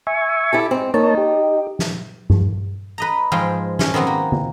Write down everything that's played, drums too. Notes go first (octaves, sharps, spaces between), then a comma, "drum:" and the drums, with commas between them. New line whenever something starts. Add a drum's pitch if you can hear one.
E5 G#5 C#6
E4 G4 A4
G#2 C4
A#3 D#4 C#5 A5
G4
drum: snare
drum: tom G2
B4 D#5 A#5
G#2 F3 G#3 F4 G5
C#4, drum: snare
D#3 B3 C4 F#4
A#3
drum: tom